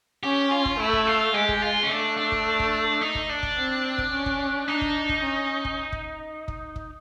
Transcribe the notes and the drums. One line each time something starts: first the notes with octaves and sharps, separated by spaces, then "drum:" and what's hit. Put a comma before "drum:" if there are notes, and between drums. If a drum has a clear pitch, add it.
C#4 G4
F4
drum: kick
A3 E4
drum: kick
F4
G#3 G4
drum: kick
F4
C#4
A3 D4
D4
drum: kick
drum: kick
D#4
drum: kick
D4
drum: kick
C4
drum: kick
C#4
drum: kick
D4 D#4
drum: kick
drum: kick
C#4
drum: kick
drum: kick
drum: kick
drum: kick